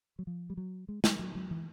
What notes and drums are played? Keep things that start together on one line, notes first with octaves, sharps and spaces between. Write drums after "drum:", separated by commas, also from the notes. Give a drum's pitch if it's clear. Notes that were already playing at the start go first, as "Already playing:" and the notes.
F#3
F3
G3
F#3
G#3
G3, drum: snare
F#3
F#3
E3